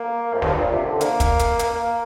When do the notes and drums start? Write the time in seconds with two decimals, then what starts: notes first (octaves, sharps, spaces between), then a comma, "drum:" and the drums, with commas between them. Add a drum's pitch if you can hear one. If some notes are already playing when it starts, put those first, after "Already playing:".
Already playing: A#3
0.34 F2
0.42 G2, drum: snare
0.57 A#2
0.72 C3
0.86 D3
1.01 A#3, drum: hi-hat
1.20 drum: kick, hi-hat
1.39 drum: hi-hat
1.59 A#3, drum: hi-hat
1.75 A#3